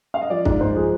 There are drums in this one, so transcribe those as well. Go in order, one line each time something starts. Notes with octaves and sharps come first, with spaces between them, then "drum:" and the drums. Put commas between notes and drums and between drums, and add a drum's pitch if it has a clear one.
F5
D#5
F3 D5
G#2 D5, drum: kick
G#2 C5
F3 G#4